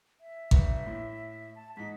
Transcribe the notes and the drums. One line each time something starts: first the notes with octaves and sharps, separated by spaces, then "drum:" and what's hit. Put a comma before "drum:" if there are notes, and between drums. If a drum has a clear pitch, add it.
E5
G1 B4, drum: kick G#1
A2
A5
G#2 D#4 B6